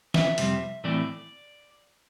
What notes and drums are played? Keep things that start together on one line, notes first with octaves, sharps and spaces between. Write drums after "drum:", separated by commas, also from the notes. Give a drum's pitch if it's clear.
E5, drum: snare
F2 C3 G3 C4, drum: hi-hat
A2 E3 A3 C4 D5